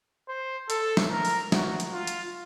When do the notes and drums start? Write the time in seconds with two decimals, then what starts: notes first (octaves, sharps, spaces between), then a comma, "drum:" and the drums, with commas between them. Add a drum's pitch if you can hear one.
0.28 C5
0.70 A4, drum: hi-hat
0.97 drum: snare
1.11 A#4
1.25 drum: open hi-hat
1.52 F#4, drum: snare
1.80 drum: hi-hat
1.93 F4
2.07 drum: hi-hat